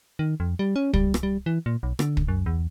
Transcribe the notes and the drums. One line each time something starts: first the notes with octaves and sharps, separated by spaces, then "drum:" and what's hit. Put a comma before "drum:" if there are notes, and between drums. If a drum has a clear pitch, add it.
D#3
F2
G3
C#4
G3, drum: kick
drum: rim click
G3
E3
A#2
B1
D3, drum: rim click
drum: kick
F#2
E2